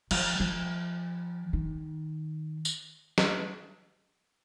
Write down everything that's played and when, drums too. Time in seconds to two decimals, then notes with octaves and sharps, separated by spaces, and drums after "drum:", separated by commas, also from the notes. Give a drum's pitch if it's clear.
0.11 F3, drum: cymbal
0.40 F3
1.53 D#3
2.65 drum: tambourine
3.18 drum: snare